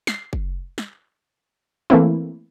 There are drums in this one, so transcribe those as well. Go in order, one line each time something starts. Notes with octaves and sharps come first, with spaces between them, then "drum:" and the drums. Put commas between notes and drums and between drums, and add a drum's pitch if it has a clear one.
C7, drum: snare
drum: kick
drum: snare
E3 A3 A#3 C4 E4